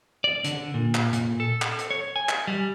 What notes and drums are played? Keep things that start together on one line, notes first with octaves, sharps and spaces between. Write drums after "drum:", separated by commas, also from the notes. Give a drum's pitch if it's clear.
D5
D3, drum: hi-hat
A#2
drum: clap
A#2, drum: hi-hat
A4
drum: clap
drum: hi-hat
C#5
G#5
drum: clap
G3